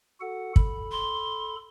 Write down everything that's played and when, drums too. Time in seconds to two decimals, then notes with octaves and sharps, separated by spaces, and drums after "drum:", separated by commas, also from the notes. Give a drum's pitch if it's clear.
0.20 F#4 A4 F#5
0.56 A4 B5, drum: kick
0.91 C6